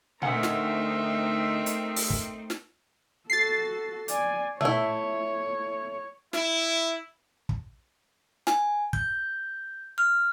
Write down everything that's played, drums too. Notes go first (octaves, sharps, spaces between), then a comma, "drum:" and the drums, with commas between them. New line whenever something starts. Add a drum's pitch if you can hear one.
D2 A3 C4 D#4 A#4 E5 F#5, drum: tom A#2
drum: snare
drum: hi-hat
drum: open hi-hat
drum: kick
drum: snare
F#4 A4 A6 C7
D5 G#5, drum: hi-hat
A3 E4 C#5, drum: tom A#2
E4, drum: snare
drum: kick
G#5, drum: snare
G6, drum: kick
F6